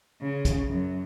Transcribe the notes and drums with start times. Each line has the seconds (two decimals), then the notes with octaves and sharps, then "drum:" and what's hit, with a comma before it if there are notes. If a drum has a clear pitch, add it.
0.21 C#3
0.45 drum: kick, hi-hat
0.67 F#2